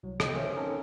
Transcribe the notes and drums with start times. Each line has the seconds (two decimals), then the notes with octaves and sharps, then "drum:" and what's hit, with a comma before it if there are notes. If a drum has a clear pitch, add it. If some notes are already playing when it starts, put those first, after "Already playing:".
0.03 C2 F#3
0.20 D#5 G5 D#6, drum: rim click
0.33 A#3 C#4 C5 E5
0.56 C4 C#4 D#4 A4 A#4